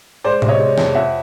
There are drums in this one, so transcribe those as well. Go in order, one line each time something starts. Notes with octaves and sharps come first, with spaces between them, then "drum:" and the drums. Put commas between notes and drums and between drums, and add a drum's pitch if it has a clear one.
G#3 C5 D5
C3, drum: tom A2
C#5 D#5
G#3
F2, drum: snare
F2 E5 F#5